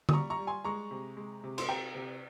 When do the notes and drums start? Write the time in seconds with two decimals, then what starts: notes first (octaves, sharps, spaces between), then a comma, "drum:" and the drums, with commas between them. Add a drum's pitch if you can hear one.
0.09 D#6, drum: tom D3
0.13 G3 A#5 C#6
0.30 A#5 C#6
0.39 G3
0.47 G#5 C6
0.65 G#3 A#5 C#6
0.91 C3
1.17 G#3
1.44 C3
1.58 C6, drum: cymbal
1.68 C3 G5 A#5
1.95 C3